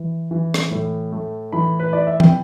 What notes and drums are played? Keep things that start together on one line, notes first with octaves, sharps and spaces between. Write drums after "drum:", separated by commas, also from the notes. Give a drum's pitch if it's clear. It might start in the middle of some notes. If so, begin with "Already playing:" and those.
Already playing: E3
E3
drum: rim click
A2
A3
E3 B5
B4
E4 D5
E5
G5, drum: tom